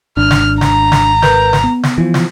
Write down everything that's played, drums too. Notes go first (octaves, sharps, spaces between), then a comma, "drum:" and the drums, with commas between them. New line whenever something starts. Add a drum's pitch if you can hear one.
G#1 D4 F6
drum: snare
A#5, drum: snare
drum: snare
A#4 B4 G6, drum: snare
drum: snare
B3
drum: snare
E3 F3
drum: snare